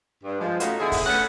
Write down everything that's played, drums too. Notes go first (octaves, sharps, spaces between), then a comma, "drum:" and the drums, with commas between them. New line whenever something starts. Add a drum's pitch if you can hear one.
G2
F3 G#3
A3 C#4 D#4 F4 F#4, drum: hi-hat
D3 B3 E4 G#4
drum: kick, open hi-hat
A3 C#4 B4 F#5